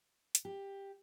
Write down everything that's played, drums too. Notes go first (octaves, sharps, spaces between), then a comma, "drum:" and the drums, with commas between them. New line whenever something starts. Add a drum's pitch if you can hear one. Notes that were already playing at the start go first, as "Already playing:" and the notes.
drum: hi-hat
G4